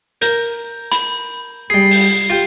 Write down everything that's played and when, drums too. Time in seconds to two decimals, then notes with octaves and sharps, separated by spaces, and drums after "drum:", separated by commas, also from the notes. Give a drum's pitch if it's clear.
0.22 A#4 G6, drum: hi-hat
0.92 B5, drum: hi-hat
1.70 G3 G#4 C7
1.91 drum: open hi-hat
2.30 F4 G4